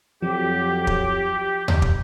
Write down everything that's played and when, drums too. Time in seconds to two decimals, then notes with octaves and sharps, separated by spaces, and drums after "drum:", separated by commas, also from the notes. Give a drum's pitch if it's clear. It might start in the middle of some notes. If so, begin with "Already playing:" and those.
0.22 F2 F3 F#3 G4
0.87 drum: kick
1.68 drum: tom D#2
1.82 drum: kick